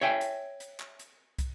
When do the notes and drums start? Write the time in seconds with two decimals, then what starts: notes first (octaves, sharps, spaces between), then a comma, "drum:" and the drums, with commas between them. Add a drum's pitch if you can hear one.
0.01 C#5 E5 G5 G#5
0.21 drum: hi-hat
0.60 drum: hi-hat
0.80 drum: clap
0.99 drum: hi-hat
1.39 drum: kick, hi-hat